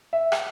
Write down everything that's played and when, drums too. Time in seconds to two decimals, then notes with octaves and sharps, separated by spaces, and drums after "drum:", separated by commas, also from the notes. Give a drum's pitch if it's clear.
0.13 E5
0.32 drum: rim click